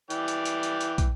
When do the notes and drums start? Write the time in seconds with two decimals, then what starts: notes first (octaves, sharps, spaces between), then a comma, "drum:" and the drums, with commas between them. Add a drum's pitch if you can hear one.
0.10 E3 D5 G5, drum: hi-hat
0.28 drum: hi-hat
0.45 drum: hi-hat
0.63 drum: hi-hat
0.81 drum: hi-hat
0.98 drum: kick, hi-hat